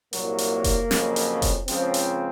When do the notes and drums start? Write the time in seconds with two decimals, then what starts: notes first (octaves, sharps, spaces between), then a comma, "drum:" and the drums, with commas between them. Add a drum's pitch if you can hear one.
0.13 C2 A#2 F#3 A#3, drum: hi-hat
0.38 drum: hi-hat
0.64 drum: kick F1, hi-hat
0.91 F2 C#3 F#3, drum: snare
1.16 drum: hi-hat
1.42 drum: kick F1, hi-hat
1.68 C#2 C#3 F3 C4, drum: hi-hat
1.94 drum: hi-hat